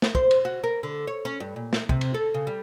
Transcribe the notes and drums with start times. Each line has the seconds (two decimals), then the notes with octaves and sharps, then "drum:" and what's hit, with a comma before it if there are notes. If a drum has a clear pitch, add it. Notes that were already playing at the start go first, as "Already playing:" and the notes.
0.02 drum: snare
0.15 C5, drum: kick
0.31 drum: cymbal
0.45 F#4
0.64 A#4
0.83 D3
1.07 C#5
1.25 C#4
1.40 G2
1.56 A#2
1.73 drum: snare
1.89 C3, drum: kick
2.01 drum: cymbal
2.14 A4
2.34 C#3
2.47 G3